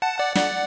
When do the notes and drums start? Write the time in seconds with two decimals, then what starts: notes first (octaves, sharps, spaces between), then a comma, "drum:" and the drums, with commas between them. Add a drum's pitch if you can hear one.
0.02 F#5 A5
0.19 D5 F#5
0.35 D5 F#5, drum: snare